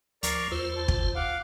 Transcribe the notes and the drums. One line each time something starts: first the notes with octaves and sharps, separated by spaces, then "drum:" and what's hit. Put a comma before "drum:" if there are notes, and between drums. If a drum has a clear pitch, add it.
D2 F3 A#4 D5 C#6, drum: hi-hat
E2 F4 C5 E6
A5
drum: kick
F5 F#5 D6